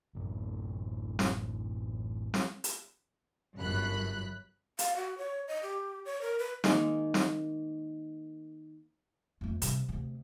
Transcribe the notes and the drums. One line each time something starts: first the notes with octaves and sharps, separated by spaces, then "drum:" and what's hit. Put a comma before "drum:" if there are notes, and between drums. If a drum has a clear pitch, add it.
A1 F#2
drum: snare
drum: snare
drum: hi-hat
G1 F#2 B5 F#6
F5, drum: hi-hat
F#4
C#5
D#5
G4
C#5
A#4
B4
D#3 G#3 A#3, drum: snare
drum: snare
F2 A3
C3 G3, drum: hi-hat
D2 C3